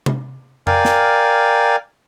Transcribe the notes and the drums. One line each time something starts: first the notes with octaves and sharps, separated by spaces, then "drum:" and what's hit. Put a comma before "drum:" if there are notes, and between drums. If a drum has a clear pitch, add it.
drum: tom C3
A#4 D5 F5 G5 G#5, drum: tom F2
drum: snare